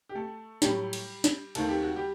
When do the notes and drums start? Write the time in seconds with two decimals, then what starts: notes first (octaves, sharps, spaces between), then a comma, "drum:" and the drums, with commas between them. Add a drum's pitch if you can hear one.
0.09 G4
0.15 A3 A4
0.62 A2 F#3 G3 A3 G4, drum: snare
0.93 drum: cymbal
1.24 drum: snare
1.55 D#2 D#3 A3 C4 A4, drum: cymbal
1.68 G4
1.83 F#4
1.96 G3 G4